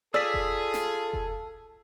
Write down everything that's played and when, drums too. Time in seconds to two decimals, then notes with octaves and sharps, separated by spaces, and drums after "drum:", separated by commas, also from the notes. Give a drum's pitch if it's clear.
0.14 F4 G#4 A4 D5 E6 B6
0.34 drum: kick F1
0.74 drum: snare
1.13 drum: kick F1